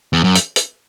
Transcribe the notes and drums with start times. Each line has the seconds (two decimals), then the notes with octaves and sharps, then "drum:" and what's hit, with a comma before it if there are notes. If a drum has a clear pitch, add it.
0.13 E2
0.24 F#2
0.35 drum: hi-hat
0.56 drum: hi-hat